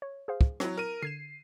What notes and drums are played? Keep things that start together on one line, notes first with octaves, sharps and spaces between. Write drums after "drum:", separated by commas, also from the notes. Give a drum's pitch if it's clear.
C#5
G#4 C5 F5
drum: kick
F#3 C4 E4, drum: rim click
A#4 D#7
D3 G#6 C7 E7